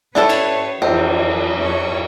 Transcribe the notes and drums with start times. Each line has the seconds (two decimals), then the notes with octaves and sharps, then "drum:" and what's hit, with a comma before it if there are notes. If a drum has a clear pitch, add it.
0.15 D4 E4 A4 B4 C#5, drum: snare
0.29 drum: cymbal
0.82 F2 E3 C4, drum: cymbal
1.60 F2 C#5